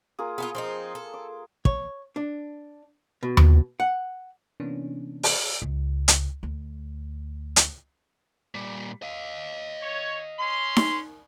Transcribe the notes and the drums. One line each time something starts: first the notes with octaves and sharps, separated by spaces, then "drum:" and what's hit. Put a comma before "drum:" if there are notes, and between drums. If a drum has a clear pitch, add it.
A#3 F4 G#4
B3 E4 F4 G#4
F3 C4 D#4 C6
A4
D6
C#5, drum: kick
D4
B2
drum: tom D#2
F#5
C3 E3 A#3 B3 C#4 D4
drum: open hi-hat
C#2
drum: hi-hat
D2
drum: hi-hat
A#2 G3
D#5 F5
C#5
C#4 C6
drum: snare D#4